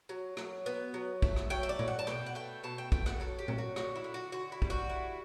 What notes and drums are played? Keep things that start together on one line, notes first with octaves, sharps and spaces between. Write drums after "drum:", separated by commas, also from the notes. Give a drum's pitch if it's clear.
F#3
F#3, drum: rim click
B3
F#3
A3, drum: kick
drum: rim click
F#3 G5
E5
D5
F#3, drum: tom A#2
F#5
A5
B2 G5, drum: rim click
F#5
A3 G5
B2 A5
G5
A3 G5, drum: kick
F#5, drum: rim click
F#3 A4
G4
F#3, drum: tom A#2
F#4
D3 F#4, drum: rim click
E4
D3
F#4
D3 F#4
E4
G3, drum: kick
F#4
E4